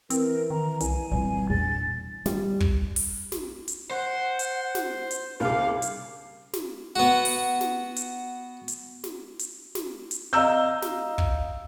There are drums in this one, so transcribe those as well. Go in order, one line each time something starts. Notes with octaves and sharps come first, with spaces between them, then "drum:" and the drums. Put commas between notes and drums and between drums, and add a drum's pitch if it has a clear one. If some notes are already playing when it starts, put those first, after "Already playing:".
E3 C4 A#4, drum: hi-hat
D#3 A#5
C2 G#5, drum: hi-hat
A#2 G3 C4
A#1 E2 A6
G3, drum: snare
drum: kick
drum: open hi-hat
drum: snare
drum: hi-hat
C5 F#5
drum: hi-hat
drum: snare
drum: hi-hat
C2 C#3 F5 D6
drum: hi-hat
drum: snare
B3 F#4
drum: open hi-hat
drum: snare
drum: hi-hat
drum: hi-hat
drum: snare
drum: hi-hat
drum: snare
drum: hi-hat
D#5 F5 A#5 E6 G6
drum: snare
drum: kick